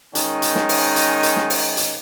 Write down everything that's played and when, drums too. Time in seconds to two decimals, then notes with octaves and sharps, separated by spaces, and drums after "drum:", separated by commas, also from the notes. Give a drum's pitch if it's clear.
0.15 D#3 G#3 C#4 D#4, drum: hi-hat
0.42 drum: hi-hat
0.55 drum: snare
0.69 drum: open hi-hat
0.96 drum: hi-hat
1.23 drum: hi-hat
1.36 drum: snare
1.50 drum: open hi-hat
1.77 drum: hi-hat